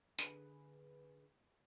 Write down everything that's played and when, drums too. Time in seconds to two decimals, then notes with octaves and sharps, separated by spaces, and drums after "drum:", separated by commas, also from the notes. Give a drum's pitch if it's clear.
0.19 D3 G#4 B4, drum: tambourine